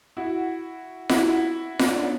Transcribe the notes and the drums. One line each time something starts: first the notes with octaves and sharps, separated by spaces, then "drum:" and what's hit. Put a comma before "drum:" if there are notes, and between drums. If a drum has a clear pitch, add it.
E4 F#4
E4 F#4, drum: snare F4
drum: snare F4
D4
B3 C#4